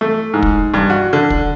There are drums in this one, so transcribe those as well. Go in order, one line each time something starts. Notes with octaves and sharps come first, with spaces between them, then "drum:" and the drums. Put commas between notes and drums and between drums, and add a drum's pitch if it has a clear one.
A3
G#2
drum: kick
G2
F#4
D3
drum: kick